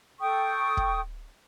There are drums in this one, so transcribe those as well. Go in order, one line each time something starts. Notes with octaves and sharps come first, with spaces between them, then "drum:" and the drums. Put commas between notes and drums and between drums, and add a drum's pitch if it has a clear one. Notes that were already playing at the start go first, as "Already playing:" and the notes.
A4 G5 C#6 D#6
drum: kick